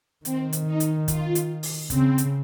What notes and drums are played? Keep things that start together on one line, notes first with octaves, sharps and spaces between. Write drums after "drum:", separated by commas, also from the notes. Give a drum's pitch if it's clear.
D#3 C4, drum: hi-hat
drum: hi-hat
D#4
drum: hi-hat
F4, drum: kick, hi-hat
drum: hi-hat
drum: open hi-hat
C#3 C4, drum: kick, hi-hat
drum: hi-hat